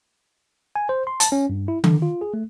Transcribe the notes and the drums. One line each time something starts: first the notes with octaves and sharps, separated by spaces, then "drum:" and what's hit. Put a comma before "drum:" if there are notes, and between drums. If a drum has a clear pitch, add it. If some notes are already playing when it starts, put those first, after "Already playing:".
G#5
C5
C6
A5, drum: hi-hat
C#4
G2
E4
D3, drum: tom D#3
F4
G#4
A3